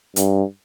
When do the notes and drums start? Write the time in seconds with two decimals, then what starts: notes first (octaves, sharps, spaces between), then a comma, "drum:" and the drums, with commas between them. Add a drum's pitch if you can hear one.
0.16 G2, drum: hi-hat